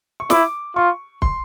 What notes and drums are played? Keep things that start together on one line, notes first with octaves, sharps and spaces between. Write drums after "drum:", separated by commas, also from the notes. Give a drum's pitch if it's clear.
C#6
E4 D6, drum: snare
F4 C#6
C6, drum: kick